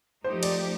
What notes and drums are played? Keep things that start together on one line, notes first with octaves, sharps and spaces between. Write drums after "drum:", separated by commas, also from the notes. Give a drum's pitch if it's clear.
F3 A3 D#4 G4 C5
D5, drum: cymbal